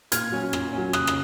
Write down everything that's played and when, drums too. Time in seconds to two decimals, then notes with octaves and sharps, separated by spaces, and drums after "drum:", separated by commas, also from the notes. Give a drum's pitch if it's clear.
0.12 A#2 F6 G#6, drum: hi-hat
0.32 F#3 C#4
0.53 A#2, drum: rim click
0.73 F#3 C#4
0.93 C#3 D#6 F#6, drum: rim click
1.07 drum: rim click